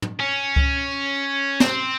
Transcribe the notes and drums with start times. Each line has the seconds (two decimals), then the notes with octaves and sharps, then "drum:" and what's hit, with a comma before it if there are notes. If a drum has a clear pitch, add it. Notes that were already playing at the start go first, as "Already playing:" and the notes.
0.02 drum: tom
0.20 C#4
0.56 drum: kick C#2
1.60 C4, drum: snare